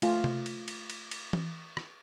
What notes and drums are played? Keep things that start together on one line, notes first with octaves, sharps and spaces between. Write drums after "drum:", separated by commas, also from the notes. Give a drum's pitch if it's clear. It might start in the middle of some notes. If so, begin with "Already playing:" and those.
A3 F4, drum: cymbal
drum: tom C3
drum: cymbal
drum: cymbal
drum: cymbal
drum: cymbal
drum: tom E3
drum: rim click